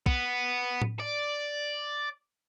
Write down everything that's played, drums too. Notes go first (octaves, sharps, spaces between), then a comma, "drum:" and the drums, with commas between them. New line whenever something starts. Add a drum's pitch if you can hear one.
B3, drum: kick
drum: tom A2
D5